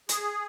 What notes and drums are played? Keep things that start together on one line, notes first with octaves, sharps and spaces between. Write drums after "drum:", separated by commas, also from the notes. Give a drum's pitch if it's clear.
G#4, drum: hi-hat